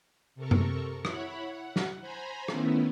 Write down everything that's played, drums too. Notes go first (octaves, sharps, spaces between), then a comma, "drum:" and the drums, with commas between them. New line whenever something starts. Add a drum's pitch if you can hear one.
C3 A4 A#4 C#6
drum: tom F#2
E4 C#5 F#5 B5, drum: rim click
F#5
drum: snare
C5 G#5 A#5 B5
D#3 A3 B3 C#4 E4, drum: rim click